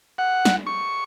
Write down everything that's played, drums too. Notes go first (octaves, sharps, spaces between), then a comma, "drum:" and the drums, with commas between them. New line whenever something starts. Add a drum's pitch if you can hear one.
F#5
drum: snare
C#6